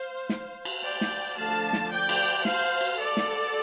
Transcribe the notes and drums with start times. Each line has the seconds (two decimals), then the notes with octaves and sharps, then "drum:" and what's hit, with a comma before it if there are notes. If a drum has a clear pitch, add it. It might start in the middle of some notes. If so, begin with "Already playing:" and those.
Already playing: C5 F5
0.29 drum: snare
0.65 drum: cymbal
0.83 D5 G5
1.01 drum: snare
1.37 D3 F3 A3 D4 F5 A5
1.73 drum: snare
1.91 D5 G5
2.09 drum: cymbal
2.45 C5 F5, drum: snare
2.81 drum: cymbal
2.98 A4 D5
3.17 drum: snare